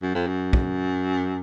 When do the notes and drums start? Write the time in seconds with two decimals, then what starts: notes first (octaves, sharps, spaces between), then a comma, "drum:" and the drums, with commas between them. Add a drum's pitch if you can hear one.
0.02 F#2
0.15 F2
0.27 F#2
0.53 drum: kick